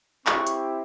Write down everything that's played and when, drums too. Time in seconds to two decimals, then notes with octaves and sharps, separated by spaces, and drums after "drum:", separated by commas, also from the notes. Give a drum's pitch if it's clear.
0.27 C4 E4 G4 C#6, drum: clap
0.47 drum: hi-hat